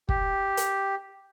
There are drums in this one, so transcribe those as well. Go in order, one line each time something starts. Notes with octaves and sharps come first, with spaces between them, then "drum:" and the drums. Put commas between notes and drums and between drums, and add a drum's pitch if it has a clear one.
G4, drum: kick
drum: hi-hat